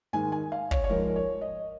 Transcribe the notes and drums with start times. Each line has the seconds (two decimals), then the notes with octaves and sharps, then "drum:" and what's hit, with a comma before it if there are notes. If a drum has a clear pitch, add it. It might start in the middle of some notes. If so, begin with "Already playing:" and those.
0.13 G#2 D#3 G#3 G#5
0.32 G#5
0.52 F5
0.71 C#5, drum: kick
0.84 C#5
0.90 G#2 F3 G#3 A#4
1.08 A#4
1.16 C#5
1.41 D#5